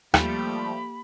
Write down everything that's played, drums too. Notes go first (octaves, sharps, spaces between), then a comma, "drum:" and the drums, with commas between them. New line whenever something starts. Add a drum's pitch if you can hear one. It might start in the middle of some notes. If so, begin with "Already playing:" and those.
D#2 F3 G3 A3 A#3 G4 B5, drum: rim click